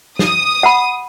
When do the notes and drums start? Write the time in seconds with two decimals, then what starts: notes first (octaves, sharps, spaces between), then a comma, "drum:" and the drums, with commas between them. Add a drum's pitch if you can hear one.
0.19 D#6, drum: snare
0.63 F#5 B5